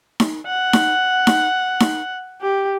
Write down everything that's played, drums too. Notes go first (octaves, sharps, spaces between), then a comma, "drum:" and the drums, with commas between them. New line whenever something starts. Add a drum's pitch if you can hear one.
drum: snare D#4
F#5
drum: snare D#4
drum: snare D#4
drum: snare D#4
G4